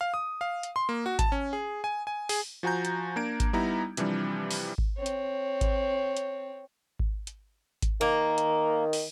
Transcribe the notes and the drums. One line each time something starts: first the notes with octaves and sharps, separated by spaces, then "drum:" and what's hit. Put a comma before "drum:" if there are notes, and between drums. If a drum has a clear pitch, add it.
F5
D#6
F5
drum: hi-hat
C6
A#3
F#4
A5, drum: kick G#1, hi-hat
C#4
G#4
G#5
G#5
G#4, drum: open hi-hat
F3 F#4 G#5 A#5 G6
drum: hi-hat
A#3 D4 A#5 G#6 D7
drum: kick G#1, hi-hat
G3 B3 D#4 E4 A#5
C3 E3 F3 G3 D4, drum: hi-hat
drum: open hi-hat
drum: kick G#1
C4 C#5
drum: hi-hat
drum: kick G#1, hi-hat
drum: hi-hat
drum: kick G#1
drum: hi-hat
drum: kick G#1, hi-hat
D#3 A#3
drum: hi-hat
drum: open hi-hat